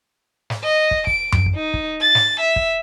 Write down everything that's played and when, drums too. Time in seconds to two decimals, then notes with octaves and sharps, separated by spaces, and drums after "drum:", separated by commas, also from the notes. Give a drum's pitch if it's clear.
0.50 drum: snare
0.64 D#5
0.91 drum: kick
1.07 D7, drum: kick
1.32 drum: tom F#2
1.46 drum: kick
1.55 D#4
1.74 drum: kick
2.01 A6
2.15 drum: snare
2.40 E5
2.56 drum: kick